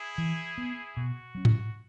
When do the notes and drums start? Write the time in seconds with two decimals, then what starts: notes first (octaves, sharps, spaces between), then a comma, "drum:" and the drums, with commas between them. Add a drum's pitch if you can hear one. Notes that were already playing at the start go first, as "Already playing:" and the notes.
Already playing: E4 G#4
0.18 E3
0.58 B3
0.97 B2 F#4
1.35 F#3 C#4
1.45 drum: tom G#2